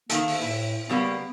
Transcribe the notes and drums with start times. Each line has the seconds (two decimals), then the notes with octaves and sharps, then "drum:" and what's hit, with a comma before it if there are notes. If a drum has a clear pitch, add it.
0.09 D#3 F3 A#3 A4, drum: hi-hat
0.28 drum: open hi-hat
0.42 A2 E4
0.89 C#3 G3 A#3 B3